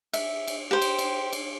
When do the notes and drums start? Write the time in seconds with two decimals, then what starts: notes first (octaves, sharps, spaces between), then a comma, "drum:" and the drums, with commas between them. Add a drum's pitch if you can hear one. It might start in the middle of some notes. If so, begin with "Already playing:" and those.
0.13 E5, drum: cymbal
0.48 drum: cymbal
0.71 G4 C5
0.82 drum: cymbal
0.99 drum: cymbal
1.33 drum: cymbal